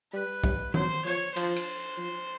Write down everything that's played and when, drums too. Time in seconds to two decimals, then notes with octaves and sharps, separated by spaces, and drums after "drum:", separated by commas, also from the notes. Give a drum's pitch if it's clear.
0.13 G3 B4
0.44 G3, drum: kick
0.74 F#3 C5, drum: tom D#3
1.05 F3 C#5
1.36 F3 C5, drum: cymbal
1.56 drum: cymbal
1.98 F3